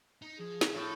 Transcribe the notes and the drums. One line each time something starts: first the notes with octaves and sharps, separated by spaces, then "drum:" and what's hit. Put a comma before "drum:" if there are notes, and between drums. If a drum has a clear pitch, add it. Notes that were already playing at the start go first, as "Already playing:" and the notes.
D#4
F3 G#4
E4 C5, drum: snare
A2 A4